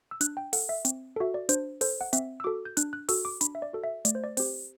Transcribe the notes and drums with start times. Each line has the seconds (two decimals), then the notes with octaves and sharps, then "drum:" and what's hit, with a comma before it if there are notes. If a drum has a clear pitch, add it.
0.11 E6
0.21 D4 F#6, drum: hi-hat
0.37 G5
0.53 A4 F#5, drum: open hi-hat
0.69 E5
0.85 C4, drum: hi-hat
1.16 F#4 A4 E5
1.34 D5
1.49 D4 C5, drum: hi-hat
1.81 A4 C5, drum: open hi-hat
2.01 F#5
2.13 C4 E5, drum: hi-hat
2.40 E6
2.44 F#4 A4 D6
2.65 G6
2.77 D4 F#6, drum: hi-hat
2.93 F#6
3.09 F#4 A4 E6, drum: open hi-hat
3.25 D6
3.41 D4 B5, drum: hi-hat
3.55 E5
3.62 D5
3.73 F#4 A4
3.84 E5
4.05 A3 D5, drum: hi-hat
4.15 C5
4.24 D5
4.37 C4 G4 C5, drum: open hi-hat